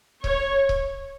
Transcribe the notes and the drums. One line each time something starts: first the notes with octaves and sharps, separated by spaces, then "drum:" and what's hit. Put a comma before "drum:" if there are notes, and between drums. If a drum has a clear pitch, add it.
C#5, drum: kick C#1
drum: kick C#1